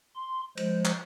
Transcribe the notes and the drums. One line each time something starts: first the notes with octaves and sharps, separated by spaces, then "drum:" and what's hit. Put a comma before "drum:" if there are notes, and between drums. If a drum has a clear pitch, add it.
C6
F3 G#3 C5, drum: cymbal
drum: clap